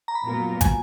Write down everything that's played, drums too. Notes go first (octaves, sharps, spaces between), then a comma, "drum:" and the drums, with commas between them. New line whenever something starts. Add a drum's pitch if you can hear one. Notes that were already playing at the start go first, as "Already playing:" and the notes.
A#5
B5
A#2 F#3 B3 F4 A#4 A#5
G#5, drum: kick, hi-hat